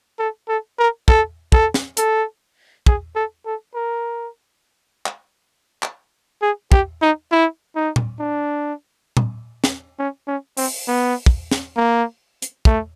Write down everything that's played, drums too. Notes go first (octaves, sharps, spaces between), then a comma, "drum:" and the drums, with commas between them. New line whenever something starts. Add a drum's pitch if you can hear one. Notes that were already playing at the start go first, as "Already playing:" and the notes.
A4
A4
A#4
A4, drum: kick
A4, drum: kick
drum: snare
A4, drum: hi-hat
G#4, drum: kick
A4
A4
A#4
drum: clap
drum: clap
G#4
G4, drum: kick
D#4
E4
D#4
drum: tom A#2
D4
drum: tom A#2
drum: snare
C#4
C#4
C4, drum: open hi-hat
B3
drum: kick
drum: snare
A#3
drum: hi-hat
A3, drum: kick